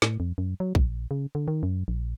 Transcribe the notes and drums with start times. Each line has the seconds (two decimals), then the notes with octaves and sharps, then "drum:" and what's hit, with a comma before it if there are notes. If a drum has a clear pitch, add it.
0.02 A2, drum: snare
0.20 F2
0.38 F#2
0.60 F#3
0.75 A#1, drum: kick B1
1.11 C#3
1.35 D3
1.48 D#3
1.63 F#2
1.88 A#1